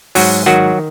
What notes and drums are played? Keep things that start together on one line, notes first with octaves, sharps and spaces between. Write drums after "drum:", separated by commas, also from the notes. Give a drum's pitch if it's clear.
G#2 F#3 F#4, drum: open hi-hat
D#3 F#3 F#4